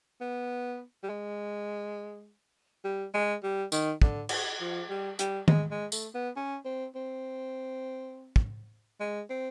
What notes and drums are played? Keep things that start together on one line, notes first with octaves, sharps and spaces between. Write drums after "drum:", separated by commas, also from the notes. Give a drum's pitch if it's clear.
B3
G3
G#3
G3
G#3
G3
D#3, drum: tambourine
D3, drum: kick
drum: cymbal
F3
G3
G3, drum: hi-hat
G#3, drum: tom D#3
G#3
A3, drum: tambourine
B3
C#4
C4
C4
drum: kick
G#3
C4